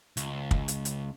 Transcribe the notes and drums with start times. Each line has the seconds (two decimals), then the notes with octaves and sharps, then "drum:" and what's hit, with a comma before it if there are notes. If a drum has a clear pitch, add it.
0.17 C#2, drum: hi-hat
0.51 drum: kick
0.68 drum: hi-hat
0.85 drum: hi-hat